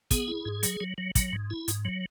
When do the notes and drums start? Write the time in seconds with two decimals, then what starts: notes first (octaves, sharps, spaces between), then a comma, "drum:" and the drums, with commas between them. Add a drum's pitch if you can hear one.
0.11 B3 G#4, drum: kick, hi-hat
0.28 E4
0.45 G#2
0.63 F#3, drum: hi-hat
0.81 F#3
0.98 F#3
1.15 F#3, drum: kick, hi-hat
1.33 G#2
1.50 E4
1.68 G#2, drum: hi-hat
1.85 F#3